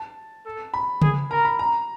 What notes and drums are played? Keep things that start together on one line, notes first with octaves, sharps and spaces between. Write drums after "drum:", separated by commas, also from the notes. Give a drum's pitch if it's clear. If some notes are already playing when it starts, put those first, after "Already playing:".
Already playing: A5
A4
B5
G#4, drum: tom C#3
A#4 A#5
B5
A#5